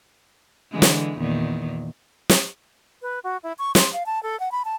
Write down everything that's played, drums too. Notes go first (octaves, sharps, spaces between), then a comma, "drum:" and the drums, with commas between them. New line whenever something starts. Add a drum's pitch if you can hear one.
D3 E3 G#3
drum: snare
E2 A#2 D#3
drum: snare
B4
F#4
E4
C#6
C6, drum: snare
F5
A5
A4
F#5
B5
A5